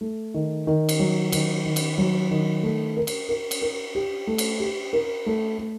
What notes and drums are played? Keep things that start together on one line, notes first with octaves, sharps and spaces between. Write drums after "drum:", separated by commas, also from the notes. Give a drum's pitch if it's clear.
A3
D#3
D#3
drum: cymbal
F#3
D#3, drum: cymbal
D#3
drum: cymbal
F#3
D#3
A3
A#4
drum: cymbal
A#4
drum: cymbal
A#4
G4
A3
drum: cymbal
G4
A#4
A3
A3